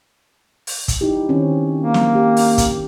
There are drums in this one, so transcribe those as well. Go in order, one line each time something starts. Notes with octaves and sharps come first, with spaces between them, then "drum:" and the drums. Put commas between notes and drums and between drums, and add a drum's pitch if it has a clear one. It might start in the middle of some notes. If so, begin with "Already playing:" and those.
drum: open hi-hat
drum: kick, hi-hat
D#4 E4 G4
D#3 C4 C#4
A#3
drum: snare
G4
drum: open hi-hat
drum: kick, hi-hat